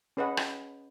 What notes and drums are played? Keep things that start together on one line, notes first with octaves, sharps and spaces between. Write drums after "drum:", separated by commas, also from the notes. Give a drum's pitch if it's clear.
C#4 G#4 B4 D#5 F#5
drum: rim click